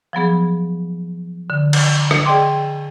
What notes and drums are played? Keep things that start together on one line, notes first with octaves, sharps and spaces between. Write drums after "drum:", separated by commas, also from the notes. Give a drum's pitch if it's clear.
F3 F#3 B3 G#4
D3
drum: cymbal
drum: rim click
G#4 D5 D#5 G5 C6 D6